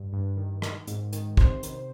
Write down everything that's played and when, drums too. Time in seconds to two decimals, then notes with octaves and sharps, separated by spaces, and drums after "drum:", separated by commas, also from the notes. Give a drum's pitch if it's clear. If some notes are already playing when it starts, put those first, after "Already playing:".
Already playing: G2
0.13 G2
0.37 D#3
0.62 D#3, drum: rim click
0.87 G#2, drum: hi-hat
1.13 D#3, drum: hi-hat
1.37 C3 C5, drum: kick
1.63 D#3, drum: hi-hat